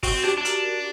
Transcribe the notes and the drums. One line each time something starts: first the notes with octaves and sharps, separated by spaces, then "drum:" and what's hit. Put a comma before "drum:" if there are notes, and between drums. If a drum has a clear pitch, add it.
C4 F#4, drum: kick, open hi-hat
D4 G4
D4
A#4, drum: hi-hat